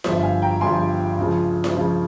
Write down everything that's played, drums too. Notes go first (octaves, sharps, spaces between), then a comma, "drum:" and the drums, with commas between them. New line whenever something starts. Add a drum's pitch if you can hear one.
G1 G2 F3 C5 E5, drum: snare E4
F5 G#5
G5 A#5
G1 G2 F3 G#5 C6
C#2 C#3 F3
drum: snare E4
C#2 C#3 F3